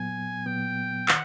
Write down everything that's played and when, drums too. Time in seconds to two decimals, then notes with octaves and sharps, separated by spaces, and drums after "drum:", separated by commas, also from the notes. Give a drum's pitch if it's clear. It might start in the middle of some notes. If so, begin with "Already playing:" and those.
Already playing: A#2 F#3 B3 G#5
0.46 A#2 F#3 B3 G5
1.08 D#3 F#5, drum: clap